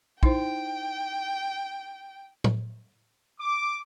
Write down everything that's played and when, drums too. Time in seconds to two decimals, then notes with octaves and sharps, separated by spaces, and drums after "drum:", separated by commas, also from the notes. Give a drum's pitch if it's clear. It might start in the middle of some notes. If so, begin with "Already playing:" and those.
0.23 D#4 E4 C5 G5, drum: kick
2.44 drum: tom A2
3.39 D6